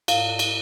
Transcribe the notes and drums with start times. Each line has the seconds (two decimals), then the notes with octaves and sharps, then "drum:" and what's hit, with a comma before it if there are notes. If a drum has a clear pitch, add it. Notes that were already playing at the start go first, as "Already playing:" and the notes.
0.08 G#2 F5, drum: cymbal
0.39 drum: cymbal